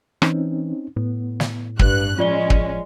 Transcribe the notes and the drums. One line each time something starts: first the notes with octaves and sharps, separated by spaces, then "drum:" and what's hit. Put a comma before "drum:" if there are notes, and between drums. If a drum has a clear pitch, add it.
E3 C4 C#4 D#4, drum: rim click
A2 B3
drum: snare
G2 G3 B4 F#6, drum: kick
F3 G#3 C#4 F4 D5 G7
drum: kick